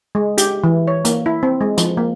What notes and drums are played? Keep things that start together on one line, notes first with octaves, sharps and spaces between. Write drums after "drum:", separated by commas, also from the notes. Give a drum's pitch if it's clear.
G#3
G4, drum: hi-hat
E3
C#5
A#3, drum: hi-hat
E4
C4
G#3
F3, drum: hi-hat
A#3